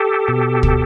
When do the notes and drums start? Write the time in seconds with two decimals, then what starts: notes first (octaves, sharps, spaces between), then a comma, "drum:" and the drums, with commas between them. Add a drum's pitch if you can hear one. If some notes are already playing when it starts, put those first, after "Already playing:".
Already playing: G4 A4
0.28 B2
0.63 drum: kick